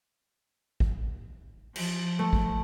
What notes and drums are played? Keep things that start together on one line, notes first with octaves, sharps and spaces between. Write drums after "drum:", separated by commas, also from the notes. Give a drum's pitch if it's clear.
drum: kick
F3, drum: cymbal
A3
drum: kick